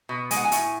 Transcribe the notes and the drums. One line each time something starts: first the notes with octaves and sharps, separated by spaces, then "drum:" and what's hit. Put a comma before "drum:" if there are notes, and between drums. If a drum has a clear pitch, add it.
B2
G#3 G#5, drum: hi-hat
F#5
G#5
A2, drum: hi-hat